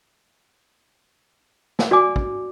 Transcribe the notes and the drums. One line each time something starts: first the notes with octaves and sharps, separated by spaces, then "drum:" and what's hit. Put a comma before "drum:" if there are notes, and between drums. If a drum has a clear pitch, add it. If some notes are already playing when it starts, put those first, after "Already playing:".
drum: snare
F#4 D5 G#5 D6
drum: kick